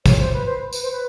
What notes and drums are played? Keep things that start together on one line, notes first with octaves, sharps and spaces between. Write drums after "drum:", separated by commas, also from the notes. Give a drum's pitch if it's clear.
C#5, drum: kick, tambourine
C5
B4
C5
B4, drum: tambourine
C5
B4